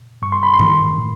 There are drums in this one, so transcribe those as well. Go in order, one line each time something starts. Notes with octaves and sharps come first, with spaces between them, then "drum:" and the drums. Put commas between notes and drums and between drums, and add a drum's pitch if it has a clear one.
G2 C#6
C6
B5
C6
D#3, drum: tom G#2
A2